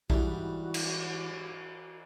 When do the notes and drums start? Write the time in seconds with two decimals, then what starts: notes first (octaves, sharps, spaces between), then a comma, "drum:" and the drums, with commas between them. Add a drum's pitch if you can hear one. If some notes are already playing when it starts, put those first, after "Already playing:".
0.10 G#2 E3 G3 E4 F#4, drum: kick A#1
0.74 drum: cymbal